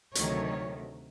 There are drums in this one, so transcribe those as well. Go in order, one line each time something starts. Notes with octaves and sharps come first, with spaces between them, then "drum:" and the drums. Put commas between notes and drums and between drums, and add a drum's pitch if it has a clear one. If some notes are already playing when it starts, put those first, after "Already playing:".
D2 C3 D#3 F#3 A3 C#5, drum: hi-hat